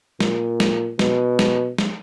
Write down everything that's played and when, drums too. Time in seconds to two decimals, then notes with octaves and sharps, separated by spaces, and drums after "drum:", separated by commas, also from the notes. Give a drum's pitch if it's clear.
0.20 A#2, drum: snare
0.60 drum: snare
0.99 B2, drum: snare
1.39 drum: snare
1.78 drum: snare